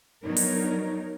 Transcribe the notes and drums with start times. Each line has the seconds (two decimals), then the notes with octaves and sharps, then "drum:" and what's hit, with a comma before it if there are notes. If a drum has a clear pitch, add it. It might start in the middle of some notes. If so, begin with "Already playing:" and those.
0.24 F#3 B3 D4 D#4 A#4 C#5
0.36 drum: open hi-hat